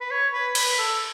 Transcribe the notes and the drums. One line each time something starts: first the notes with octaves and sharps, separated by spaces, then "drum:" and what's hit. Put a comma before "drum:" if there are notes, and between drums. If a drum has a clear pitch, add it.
B4
C#5
B4
B4, drum: cymbal
A4